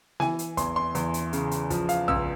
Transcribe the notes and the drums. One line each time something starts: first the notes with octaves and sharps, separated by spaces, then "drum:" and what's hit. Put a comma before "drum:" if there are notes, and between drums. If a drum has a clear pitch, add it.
E3 G#5, drum: snare B3
drum: hi-hat
E2 C6, drum: kick, hi-hat
C6
E2, drum: hi-hat
drum: hi-hat
C#3, drum: hi-hat
drum: hi-hat
F3, drum: kick, hi-hat
F5, drum: hi-hat
C#2 E6, drum: tom A#1